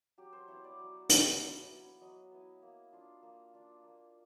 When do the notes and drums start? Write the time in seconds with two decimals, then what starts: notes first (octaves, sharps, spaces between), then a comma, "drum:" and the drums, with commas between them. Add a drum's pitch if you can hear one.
0.18 F#3 G4
0.33 C5
0.48 B3 E4 C#5
0.64 D5
0.79 F#3
1.09 B3 E4, drum: hi-hat
1.40 F#3
1.71 B3 E4
2.01 F#3 D#5
2.32 B3 E4
2.62 A#3
2.93 D4 F4
3.23 A#3
3.54 D4 F4
3.84 A#3